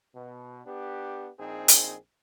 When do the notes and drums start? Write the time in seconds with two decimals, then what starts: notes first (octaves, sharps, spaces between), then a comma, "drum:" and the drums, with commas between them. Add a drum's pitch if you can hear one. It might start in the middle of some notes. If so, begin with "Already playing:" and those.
0.15 B2
0.65 B3 D4 G4
1.39 A#1 C4 D#4 G#4
1.68 drum: hi-hat